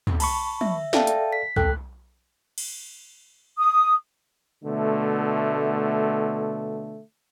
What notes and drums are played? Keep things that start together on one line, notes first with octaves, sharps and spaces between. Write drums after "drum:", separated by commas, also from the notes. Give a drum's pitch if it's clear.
drum: tom
A5 B5 C#6, drum: cymbal
E5, drum: tom
A4 D5 E5 F5 G5 A5, drum: snare
drum: hi-hat
B6
C2 A4 G5 F#6, drum: tom
drum: cymbal
D#6
B2 D3 A3